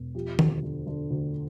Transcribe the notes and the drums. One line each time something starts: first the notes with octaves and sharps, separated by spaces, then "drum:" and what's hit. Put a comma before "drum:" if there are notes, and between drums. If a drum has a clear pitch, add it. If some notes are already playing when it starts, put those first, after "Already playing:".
Already playing: E1
F3 G4
D2, drum: tom D#3
D3
D3
D2